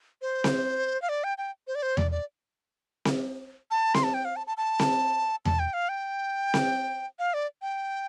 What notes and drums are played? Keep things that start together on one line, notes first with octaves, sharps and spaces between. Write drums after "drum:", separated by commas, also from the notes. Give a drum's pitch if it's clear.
C5
drum: snare C4
F5
D5
G5
G5
C5
D5
C5
D5, drum: tom E2
D5
drum: snare C4
A5
C6, drum: snare C4
A5
G5
F5
A5
A5
A5
drum: snare C4
A5, drum: tom E2
G5
F5
G5
drum: snare C4
F5
D5
G5